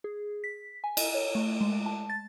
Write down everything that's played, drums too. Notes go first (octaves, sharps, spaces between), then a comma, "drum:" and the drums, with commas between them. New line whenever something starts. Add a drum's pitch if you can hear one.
G#4
B6
G#5
D#5, drum: cymbal
C#5
A3
G#3
A5
A6